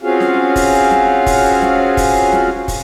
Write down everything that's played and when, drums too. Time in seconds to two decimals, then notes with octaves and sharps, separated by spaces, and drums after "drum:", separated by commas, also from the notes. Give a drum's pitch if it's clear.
0.03 C4 C#4 F4 F#4 G#4 F5
0.20 drum: snare
0.56 drum: kick, open hi-hat
0.91 drum: snare
1.26 drum: kick, open hi-hat
1.62 drum: snare
1.97 drum: kick, open hi-hat
2.33 drum: snare
2.68 drum: kick, open hi-hat